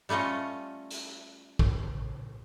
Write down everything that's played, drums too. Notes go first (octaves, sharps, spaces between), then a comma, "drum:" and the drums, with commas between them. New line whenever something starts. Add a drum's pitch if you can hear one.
G3 A3 C#4 F4 D#5
drum: hi-hat
drum: kick A#1